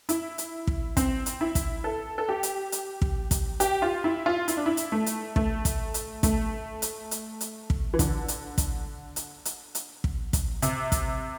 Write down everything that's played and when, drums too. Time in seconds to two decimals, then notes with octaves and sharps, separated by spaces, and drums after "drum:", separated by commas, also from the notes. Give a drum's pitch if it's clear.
0.09 E4, drum: hi-hat
0.38 drum: hi-hat
0.67 drum: kick
0.97 C4, drum: kick, hi-hat
1.26 drum: hi-hat
1.41 E4
1.55 drum: kick, hi-hat
1.84 A4
2.18 A4
2.29 G4
2.43 drum: hi-hat
2.72 drum: hi-hat
3.02 drum: kick
3.31 drum: kick, hi-hat
3.60 G4, drum: hi-hat
3.82 F4
4.04 E4
4.26 F4
4.48 E4, drum: hi-hat
4.57 D4
4.66 E4
4.77 drum: hi-hat
4.92 A3
5.06 drum: hi-hat
5.36 A3, drum: kick
5.65 drum: kick, hi-hat
5.94 drum: hi-hat
6.23 A3, drum: kick, hi-hat
6.82 drum: hi-hat
7.11 drum: hi-hat
7.41 drum: hi-hat
7.70 drum: kick
7.94 E3
7.99 D3, drum: kick, hi-hat
8.28 drum: hi-hat
8.58 drum: kick, hi-hat
9.16 drum: hi-hat
9.45 drum: hi-hat
9.75 drum: hi-hat
10.04 drum: kick
10.33 drum: kick, hi-hat
10.62 C3, drum: hi-hat
10.92 drum: kick, hi-hat